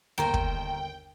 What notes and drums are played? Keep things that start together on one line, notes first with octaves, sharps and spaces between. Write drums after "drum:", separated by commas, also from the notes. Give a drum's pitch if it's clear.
G1 D#2 D#3 A#4 C5 G5
drum: kick